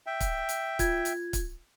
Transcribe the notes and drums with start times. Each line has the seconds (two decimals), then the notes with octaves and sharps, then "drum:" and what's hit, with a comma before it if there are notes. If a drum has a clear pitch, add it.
0.06 E5 G5
0.20 drum: kick, hi-hat
0.49 drum: hi-hat
0.79 F4 G#6, drum: kick, hi-hat
1.05 drum: hi-hat
1.33 drum: kick, hi-hat